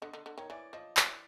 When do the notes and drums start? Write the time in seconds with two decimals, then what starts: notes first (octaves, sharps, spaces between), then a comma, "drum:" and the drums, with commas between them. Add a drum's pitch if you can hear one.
0.02 D3 D#5
0.13 D3
0.26 D3
0.38 D#3 C#5
0.49 E3 D5
0.73 F3 D#5
0.97 E3 D5, drum: clap